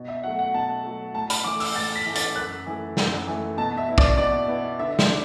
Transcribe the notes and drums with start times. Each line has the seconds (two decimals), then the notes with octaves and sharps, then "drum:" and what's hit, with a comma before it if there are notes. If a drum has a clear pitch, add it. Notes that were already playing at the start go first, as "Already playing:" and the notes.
Already playing: B2
0.08 E5
0.23 F#3 A3 F#5
0.39 F#5
0.54 B2 A5
0.84 F#3 A3
1.14 A2 A5
1.30 B5, drum: hi-hat
1.44 E3 A3 D6
1.60 E6, drum: open hi-hat
1.75 A2 A6
1.96 B6
2.05 E3 A3
2.15 A6, drum: hi-hat
2.36 F#2 F#6
2.66 E3 A3
2.97 F#2, drum: snare
3.27 E3 A3
3.57 B2 A5
3.77 E5
3.88 B3 E4
3.98 D5, drum: kick
4.17 B2 D5
4.48 B3 E4
4.79 D3 E5
4.99 drum: snare
5.09 D4